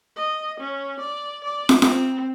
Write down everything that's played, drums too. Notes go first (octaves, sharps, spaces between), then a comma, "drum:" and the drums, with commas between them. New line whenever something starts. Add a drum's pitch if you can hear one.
D#5
C#4
D5
D5
drum: snare
C4, drum: snare